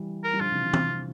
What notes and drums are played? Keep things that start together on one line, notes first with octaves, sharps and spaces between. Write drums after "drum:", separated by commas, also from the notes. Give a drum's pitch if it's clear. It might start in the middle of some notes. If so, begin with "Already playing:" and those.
Already playing: E3 G3
A#4
G3
D3 F3 F4
C3 E3
C3
C3, drum: tom